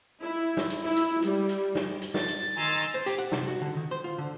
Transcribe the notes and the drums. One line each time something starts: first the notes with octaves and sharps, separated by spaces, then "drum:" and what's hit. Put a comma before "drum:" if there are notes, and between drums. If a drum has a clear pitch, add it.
E4
drum: snare
drum: hi-hat
E4
drum: hi-hat
G3, drum: hi-hat
drum: hi-hat
drum: snare
drum: hi-hat
A6, drum: snare
drum: hi-hat
D#3 G#5 A#5 C6 E6 A6
drum: hi-hat
C5
G4, drum: hi-hat
F#5
C3, drum: snare
F#4
D3
D#3
C5
F4
D3